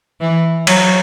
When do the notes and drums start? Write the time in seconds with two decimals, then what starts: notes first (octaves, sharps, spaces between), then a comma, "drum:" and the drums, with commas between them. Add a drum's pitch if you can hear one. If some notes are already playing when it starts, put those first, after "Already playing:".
0.21 E3
0.67 F#3, drum: cymbal